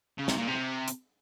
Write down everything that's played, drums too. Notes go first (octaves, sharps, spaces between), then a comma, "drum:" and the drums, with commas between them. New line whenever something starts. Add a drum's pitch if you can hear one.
C#3
C3, drum: snare
A#2
C3
drum: hi-hat